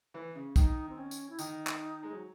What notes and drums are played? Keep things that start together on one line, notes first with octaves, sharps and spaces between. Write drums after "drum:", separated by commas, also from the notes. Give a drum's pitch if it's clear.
E3
C#3
D#3 D#4, drum: kick, tambourine
C4
C#4
drum: tambourine
E4
D#3 D#4, drum: tambourine
drum: clap
G#3
F#3